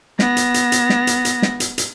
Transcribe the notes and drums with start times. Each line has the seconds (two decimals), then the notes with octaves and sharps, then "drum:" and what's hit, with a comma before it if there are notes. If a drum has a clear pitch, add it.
0.19 B3 A#6, drum: snare
0.37 drum: hi-hat
0.54 drum: hi-hat
0.72 drum: hi-hat
0.90 drum: snare
1.07 drum: hi-hat
1.25 drum: hi-hat
1.42 drum: snare
1.60 drum: hi-hat
1.78 drum: hi-hat